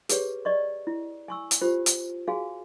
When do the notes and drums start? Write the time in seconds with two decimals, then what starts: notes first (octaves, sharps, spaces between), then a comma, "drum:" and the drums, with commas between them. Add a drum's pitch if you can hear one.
0.09 G4 G#4 B4 C#5, drum: hi-hat
0.45 D5 D#5 C#6
0.87 E4
1.28 G#5 C#6 E6
1.51 drum: hi-hat
1.61 F4 G4 C5
1.86 drum: hi-hat
2.28 F#4 G#4 F5 G#5